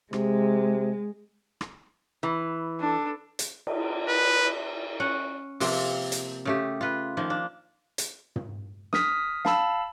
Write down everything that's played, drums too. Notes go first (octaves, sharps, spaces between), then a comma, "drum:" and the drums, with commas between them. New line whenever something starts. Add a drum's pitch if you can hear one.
C3 G#3, drum: rim click
drum: rim click
E3
D4 A4
drum: hi-hat
drum: cymbal
B4
C#4 F#5
C3 F3 A#3 C4, drum: open hi-hat
drum: hi-hat
C#3 A3 G4
F4 B4
D#3 F3 A#3
D4
drum: hi-hat
drum: tom
D#6 F6 B6, drum: snare
F5 A5 B5 E6, drum: snare